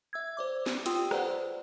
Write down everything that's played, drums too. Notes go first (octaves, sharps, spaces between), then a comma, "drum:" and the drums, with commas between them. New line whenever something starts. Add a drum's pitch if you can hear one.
E5 E6 G#6
C5 D5 D6
drum: snare
F4 G4 G5 C6 D#6 E6, drum: hi-hat
B4 C5 D5 F#5, drum: rim click